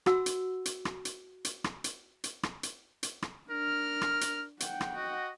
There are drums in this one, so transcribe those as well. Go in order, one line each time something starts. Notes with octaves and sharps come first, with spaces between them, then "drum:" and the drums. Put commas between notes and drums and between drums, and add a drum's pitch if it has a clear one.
F#4 F#5 E6, drum: rim click
drum: hi-hat
drum: hi-hat
drum: rim click
drum: hi-hat
drum: hi-hat
drum: rim click
drum: hi-hat
drum: hi-hat
drum: rim click
drum: hi-hat
drum: hi-hat
drum: rim click
D4 A#4 F6
drum: rim click
drum: hi-hat
F#5 G5, drum: hi-hat
drum: rim click
F#4 D#5